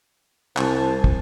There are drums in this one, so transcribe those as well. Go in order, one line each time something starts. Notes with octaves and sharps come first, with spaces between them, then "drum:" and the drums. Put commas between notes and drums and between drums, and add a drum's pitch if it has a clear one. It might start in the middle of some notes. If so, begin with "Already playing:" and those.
C2 C5 G#5 A5, drum: clap
drum: kick